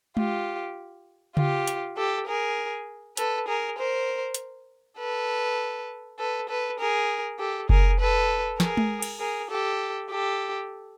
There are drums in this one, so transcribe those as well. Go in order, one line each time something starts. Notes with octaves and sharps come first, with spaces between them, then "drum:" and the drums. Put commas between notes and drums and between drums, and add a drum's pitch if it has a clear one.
F4 G4, drum: tom G#3
F4 G4, drum: tom C#3
drum: hi-hat
G4 A4
G#4 A#4
A4 B4, drum: hi-hat
G#4 A#4
A#4 C5
drum: hi-hat
A4 B4
A4 B4
A4 B4
G#4 A#4
G4 A4
G#4 A#4, drum: kick F#1
A4 B4
G#4 A#4, drum: snare
drum: tom G#3
drum: cymbal
G#4 A#4
G4 A4
G4 A4